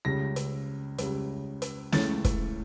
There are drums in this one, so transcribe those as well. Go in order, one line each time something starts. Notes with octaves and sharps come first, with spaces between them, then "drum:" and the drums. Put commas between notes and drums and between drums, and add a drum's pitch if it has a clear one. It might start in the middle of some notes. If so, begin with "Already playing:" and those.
C#2 C#3 G3 A#6
drum: hi-hat
C#2 C#3 G3, drum: hi-hat
drum: hi-hat
C#2 C#3 E3 A3 C#4 A6, drum: snare
drum: kick, hi-hat